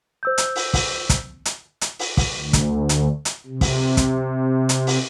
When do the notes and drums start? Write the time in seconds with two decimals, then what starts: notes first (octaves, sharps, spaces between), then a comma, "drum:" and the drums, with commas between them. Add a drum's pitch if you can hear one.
0.23 C5 E6 G6
0.38 drum: hi-hat
0.56 drum: open hi-hat
0.74 drum: kick, open hi-hat
1.10 drum: kick, hi-hat
1.45 drum: hi-hat
1.81 drum: hi-hat
1.99 drum: open hi-hat
2.17 drum: kick, open hi-hat
2.35 D2
2.53 drum: kick, hi-hat
2.89 drum: hi-hat
3.25 drum: hi-hat
3.47 C3
3.61 drum: kick, open hi-hat
3.97 drum: kick, hi-hat
4.69 drum: hi-hat
4.87 drum: open hi-hat